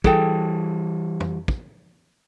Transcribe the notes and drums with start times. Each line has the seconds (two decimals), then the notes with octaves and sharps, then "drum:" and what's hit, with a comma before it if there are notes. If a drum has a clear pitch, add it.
0.04 E3 G3 G#4 A4 G5, drum: kick
1.20 drum: tom F2
1.48 drum: kick